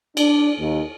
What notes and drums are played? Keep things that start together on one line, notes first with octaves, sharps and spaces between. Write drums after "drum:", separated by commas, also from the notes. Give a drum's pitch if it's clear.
D4, drum: cymbal
D#2